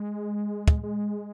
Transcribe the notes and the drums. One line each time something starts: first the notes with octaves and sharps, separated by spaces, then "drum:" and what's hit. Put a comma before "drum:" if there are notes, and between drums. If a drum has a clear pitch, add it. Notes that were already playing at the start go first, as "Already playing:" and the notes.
Already playing: G#3
drum: kick
G#3